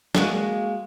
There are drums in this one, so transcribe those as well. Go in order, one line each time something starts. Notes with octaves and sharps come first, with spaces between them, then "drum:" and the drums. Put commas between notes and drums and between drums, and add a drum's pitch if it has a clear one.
G#3 A#3 F#4, drum: snare